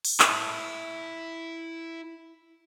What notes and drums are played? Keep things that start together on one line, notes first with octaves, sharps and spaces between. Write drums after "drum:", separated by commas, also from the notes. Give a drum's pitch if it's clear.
drum: open hi-hat
E4 A5, drum: clap